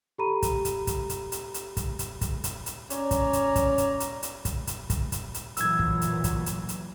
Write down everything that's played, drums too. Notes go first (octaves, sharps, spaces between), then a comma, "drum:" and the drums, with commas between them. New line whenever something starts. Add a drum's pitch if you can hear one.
G4 A4 A#5 B5 D#7
drum: kick, hi-hat
drum: hi-hat
drum: kick, hi-hat
drum: hi-hat
drum: hi-hat
drum: hi-hat
drum: kick, hi-hat
drum: hi-hat
drum: kick, hi-hat
drum: hi-hat
drum: hi-hat
C#4 D5 A#5, drum: hi-hat
drum: kick, hi-hat
drum: hi-hat
drum: kick, hi-hat
drum: hi-hat
drum: hi-hat
drum: hi-hat
drum: kick, hi-hat
drum: hi-hat
drum: kick, hi-hat
drum: hi-hat
drum: hi-hat
A#2 E3 F#3 E6 G#6, drum: hi-hat
drum: kick
drum: hi-hat
drum: kick, hi-hat
drum: hi-hat
drum: hi-hat